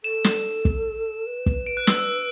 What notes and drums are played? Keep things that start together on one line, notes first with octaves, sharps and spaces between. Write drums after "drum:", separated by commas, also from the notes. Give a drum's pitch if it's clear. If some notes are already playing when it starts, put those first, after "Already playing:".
A4 E7
drum: snare
drum: kick
B4
drum: kick
D7
F#6
E6, drum: snare
E6